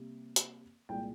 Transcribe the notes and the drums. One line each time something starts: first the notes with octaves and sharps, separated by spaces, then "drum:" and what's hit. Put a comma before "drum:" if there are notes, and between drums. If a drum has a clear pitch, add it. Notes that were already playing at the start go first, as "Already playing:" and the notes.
Already playing: C3 G3 A#3
drum: hi-hat
C2 A#2 G#3 G5